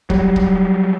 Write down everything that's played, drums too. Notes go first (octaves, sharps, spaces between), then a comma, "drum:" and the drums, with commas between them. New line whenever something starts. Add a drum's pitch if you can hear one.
F#3 G3, drum: kick D#1
drum: kick D#1